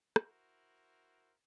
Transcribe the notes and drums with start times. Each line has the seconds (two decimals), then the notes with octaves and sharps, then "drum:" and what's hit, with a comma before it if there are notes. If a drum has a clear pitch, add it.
0.16 E4 F#4 A#4 C5, drum: rim click